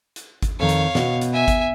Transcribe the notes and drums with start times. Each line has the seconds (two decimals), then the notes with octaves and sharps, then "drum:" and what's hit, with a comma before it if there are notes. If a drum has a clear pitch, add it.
0.16 drum: hi-hat
0.42 drum: kick G#1, hi-hat
0.60 F2 D#3 C#5 F5
0.69 drum: hi-hat
0.95 B2, drum: snare
1.21 drum: hi-hat
1.33 E5 G#5
1.48 drum: kick G#1, hi-hat